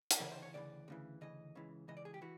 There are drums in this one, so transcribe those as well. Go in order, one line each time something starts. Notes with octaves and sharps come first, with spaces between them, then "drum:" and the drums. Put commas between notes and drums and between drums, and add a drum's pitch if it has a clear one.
drum: hi-hat
D2 C#3 E3 A#4
C5
C#5
D2 C#3 E3 D5
D2 C#3 E3
D2 C#3 E3 D#5
C#2 C#3 E3
C#2 C#3 E3 D#5
D5
G#4
G4
E3 F#4